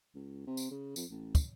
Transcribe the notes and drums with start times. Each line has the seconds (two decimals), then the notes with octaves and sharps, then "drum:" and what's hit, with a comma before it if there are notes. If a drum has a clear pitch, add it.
0.15 C#2
0.47 C3
0.57 drum: tambourine
0.71 C#3
0.96 F2, drum: tambourine
1.10 A1
1.35 drum: kick, tambourine